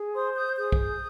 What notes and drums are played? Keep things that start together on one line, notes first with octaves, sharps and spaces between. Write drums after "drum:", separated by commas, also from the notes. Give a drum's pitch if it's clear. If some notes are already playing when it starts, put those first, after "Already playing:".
Already playing: G#4
C5 C6 D#6
D#6 G6
G#4 D#6 G6
drum: kick